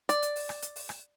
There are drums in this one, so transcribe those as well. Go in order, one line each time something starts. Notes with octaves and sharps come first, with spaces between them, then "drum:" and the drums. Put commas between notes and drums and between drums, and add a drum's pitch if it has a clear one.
D5, drum: hi-hat
drum: hi-hat
drum: open hi-hat
drum: rim click
drum: hi-hat
drum: open hi-hat
drum: rim click